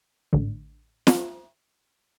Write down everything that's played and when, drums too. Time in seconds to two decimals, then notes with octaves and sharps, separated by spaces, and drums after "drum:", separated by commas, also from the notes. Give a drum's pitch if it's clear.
0.33 A1 D3
1.07 drum: snare